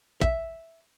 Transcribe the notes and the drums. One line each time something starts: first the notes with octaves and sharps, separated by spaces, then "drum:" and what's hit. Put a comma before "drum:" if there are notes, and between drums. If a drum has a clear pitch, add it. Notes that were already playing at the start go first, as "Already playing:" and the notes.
E5, drum: kick